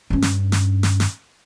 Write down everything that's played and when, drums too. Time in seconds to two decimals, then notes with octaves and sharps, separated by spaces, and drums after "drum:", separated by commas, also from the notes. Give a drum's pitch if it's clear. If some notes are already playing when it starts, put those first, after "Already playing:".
0.10 G2 C#4
0.22 drum: snare
0.52 drum: snare
0.83 drum: snare
1.00 drum: snare